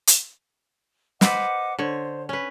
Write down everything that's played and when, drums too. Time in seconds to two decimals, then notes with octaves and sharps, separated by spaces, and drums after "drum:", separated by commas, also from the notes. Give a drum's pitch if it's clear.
0.07 drum: hi-hat
1.21 B4 C5 D#5 F#5 D6, drum: snare
1.79 D3 C5 C#5
2.29 C#4 B4